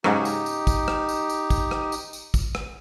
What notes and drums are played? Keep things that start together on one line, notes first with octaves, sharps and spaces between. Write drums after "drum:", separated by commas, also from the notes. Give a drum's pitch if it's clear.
G#2 C#3 F#3 D#4 G4, drum: rim click
drum: tambourine
drum: tambourine
drum: kick, tambourine
drum: rim click
drum: tambourine
drum: tambourine
drum: kick, tambourine
drum: rim click
drum: tambourine
drum: tambourine
drum: kick, tambourine
drum: rim click